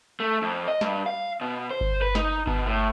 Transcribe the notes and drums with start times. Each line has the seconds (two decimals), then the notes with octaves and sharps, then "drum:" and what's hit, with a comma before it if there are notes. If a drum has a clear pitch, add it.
0.20 A3
0.42 F2
0.68 D#5
0.81 G2, drum: snare
1.06 F5
1.41 B2
1.71 C5
1.81 drum: kick G1
2.02 B4
2.15 D#4, drum: snare
2.47 B2, drum: kick G1
2.66 A2